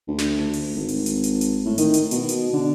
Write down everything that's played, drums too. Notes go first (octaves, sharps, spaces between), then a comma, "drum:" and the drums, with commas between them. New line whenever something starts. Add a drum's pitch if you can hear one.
D2
drum: snare
D2
drum: open hi-hat
G#1
drum: open hi-hat
drum: hi-hat
drum: hi-hat
drum: hi-hat
A2
D#3, drum: hi-hat
drum: hi-hat
B2, drum: hi-hat
drum: hi-hat
D3